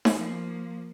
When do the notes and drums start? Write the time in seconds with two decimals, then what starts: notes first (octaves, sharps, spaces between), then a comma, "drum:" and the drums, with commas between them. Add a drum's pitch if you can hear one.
0.05 drum: snare D#4
0.16 F3 A#3